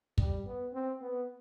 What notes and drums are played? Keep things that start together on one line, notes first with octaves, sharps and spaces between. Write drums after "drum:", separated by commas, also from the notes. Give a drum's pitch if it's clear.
G3, drum: kick
B3
C4
B3